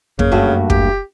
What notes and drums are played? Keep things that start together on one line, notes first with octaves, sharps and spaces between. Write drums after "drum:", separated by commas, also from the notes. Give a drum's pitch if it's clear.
F#2 C#3 A#3, drum: kick
G2 A3 F#4
G4, drum: kick